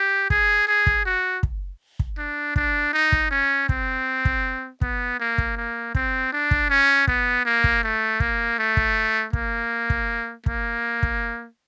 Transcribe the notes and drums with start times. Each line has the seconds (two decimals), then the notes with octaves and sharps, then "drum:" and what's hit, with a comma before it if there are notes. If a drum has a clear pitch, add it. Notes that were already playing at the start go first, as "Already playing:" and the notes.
Already playing: G4
0.30 G#4, drum: kick
0.68 G#4
0.87 drum: kick
1.06 F#4
1.43 drum: kick
1.99 drum: kick
2.18 D4
2.56 D4, drum: kick
2.93 D#4
3.12 drum: kick
3.31 C#4
3.69 C4, drum: kick
4.25 drum: kick
4.81 B3, drum: kick
5.19 A#3
5.38 drum: kick
5.57 A#3
5.95 C4, drum: kick
6.32 D4
6.51 drum: kick
6.70 C#4
7.07 B3, drum: kick
7.45 A#3
7.64 drum: kick
7.83 A3
8.20 A#3, drum: kick
8.59 A3
8.77 drum: kick
9.33 A#3, drum: kick
9.90 drum: kick
10.46 A#3, drum: kick
11.03 drum: kick